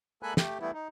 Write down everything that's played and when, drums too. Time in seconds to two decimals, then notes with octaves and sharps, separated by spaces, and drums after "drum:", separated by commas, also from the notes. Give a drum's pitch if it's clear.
0.23 G#3 A#3 A4 G#5 B5 F#6
0.37 A3 G4, drum: snare
0.60 E3 G3 A3 B3 E4
0.74 D#4